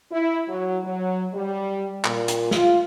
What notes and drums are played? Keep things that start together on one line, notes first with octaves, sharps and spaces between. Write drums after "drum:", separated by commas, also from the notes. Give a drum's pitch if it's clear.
E4
F#3
F#3
G3
A#2, drum: clap
drum: hi-hat
F4, drum: snare